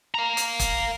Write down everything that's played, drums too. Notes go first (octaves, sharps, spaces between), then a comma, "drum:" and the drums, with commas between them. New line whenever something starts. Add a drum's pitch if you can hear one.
F5 A#5
drum: hi-hat
drum: kick, hi-hat